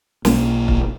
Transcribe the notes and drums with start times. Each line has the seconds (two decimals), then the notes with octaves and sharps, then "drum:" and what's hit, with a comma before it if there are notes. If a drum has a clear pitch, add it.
0.25 B1 A#3, drum: snare
0.68 drum: kick